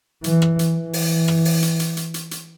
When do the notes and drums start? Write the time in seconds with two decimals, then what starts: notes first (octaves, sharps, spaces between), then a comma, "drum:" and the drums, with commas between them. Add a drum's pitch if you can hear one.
0.24 E3, drum: hi-hat
0.42 drum: rim click
0.59 drum: hi-hat
0.76 E3
0.93 drum: open hi-hat
1.28 drum: rim click
1.45 drum: open hi-hat
1.62 drum: hi-hat
1.80 drum: hi-hat
1.97 drum: hi-hat
2.14 drum: hi-hat
2.31 drum: hi-hat